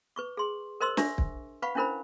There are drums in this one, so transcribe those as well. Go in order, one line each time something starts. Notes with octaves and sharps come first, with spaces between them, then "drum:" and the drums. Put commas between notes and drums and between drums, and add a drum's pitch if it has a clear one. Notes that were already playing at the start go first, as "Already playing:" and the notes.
B4 C#6 D6
G#4 C6
A#4 C5 D#5 C6 E6
D4 E5 C#6, drum: snare
drum: kick
B4 F5 F#5 B5 C#6
C#4 D4 E4 A#4 C5 B5